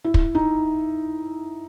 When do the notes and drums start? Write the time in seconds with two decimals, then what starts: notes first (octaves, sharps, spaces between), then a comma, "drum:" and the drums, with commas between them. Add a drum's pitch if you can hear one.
0.04 E4
0.14 drum: kick
0.35 D#4